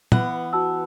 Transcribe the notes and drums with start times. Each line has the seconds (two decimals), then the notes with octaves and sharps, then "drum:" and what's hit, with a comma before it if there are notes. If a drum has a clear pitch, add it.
0.12 E3 B3 F#5, drum: tom
0.53 F#4 A5 E6